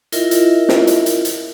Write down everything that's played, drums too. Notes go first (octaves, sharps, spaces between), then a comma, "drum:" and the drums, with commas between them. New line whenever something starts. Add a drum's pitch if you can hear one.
E4 F4 A#4 D#5 E5, drum: hi-hat
drum: hi-hat
drum: snare
drum: hi-hat
drum: hi-hat
drum: hi-hat